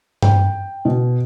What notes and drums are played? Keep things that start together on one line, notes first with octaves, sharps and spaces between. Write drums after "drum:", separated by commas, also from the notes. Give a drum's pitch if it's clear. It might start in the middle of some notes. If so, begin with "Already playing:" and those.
G5, drum: tom G2
B2